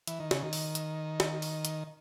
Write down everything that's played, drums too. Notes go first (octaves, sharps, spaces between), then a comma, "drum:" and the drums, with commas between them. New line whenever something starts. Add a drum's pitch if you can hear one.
E3, drum: hi-hat
D#3
C#3, drum: snare
D#3
drum: open hi-hat
drum: hi-hat
drum: snare
drum: open hi-hat
drum: hi-hat